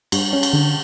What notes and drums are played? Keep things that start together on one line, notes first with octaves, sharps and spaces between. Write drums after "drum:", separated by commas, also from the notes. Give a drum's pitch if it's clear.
G2, drum: cymbal
C#4
drum: cymbal
D3